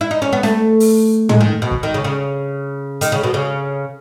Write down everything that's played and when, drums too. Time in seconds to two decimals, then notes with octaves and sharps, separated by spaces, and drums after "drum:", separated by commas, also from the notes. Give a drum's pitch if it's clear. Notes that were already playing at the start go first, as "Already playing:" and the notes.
0.01 E4
0.11 D#4
0.22 C#4
0.32 B3
0.43 A3, drum: snare
0.80 drum: open hi-hat
1.29 G#3, drum: tom
1.40 D#3
1.62 B2
1.71 drum: kick
1.83 D#3
1.94 C#3
2.04 C#3
3.01 D#3, drum: hi-hat
3.12 C#3
3.23 B2
3.34 C#3